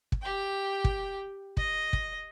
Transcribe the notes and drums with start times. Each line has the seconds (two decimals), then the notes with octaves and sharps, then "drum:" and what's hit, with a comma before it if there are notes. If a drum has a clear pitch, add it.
0.12 drum: kick
0.22 G4 G5
0.84 drum: kick
1.57 D#5, drum: kick
1.93 drum: kick